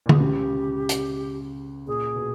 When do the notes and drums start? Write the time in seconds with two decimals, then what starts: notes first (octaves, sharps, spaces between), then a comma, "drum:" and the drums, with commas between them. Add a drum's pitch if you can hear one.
0.06 A#2
0.09 B2 G#4, drum: tom
0.20 C#2 C#3 G4
0.89 drum: hi-hat
1.87 A#2 G#4
2.16 B2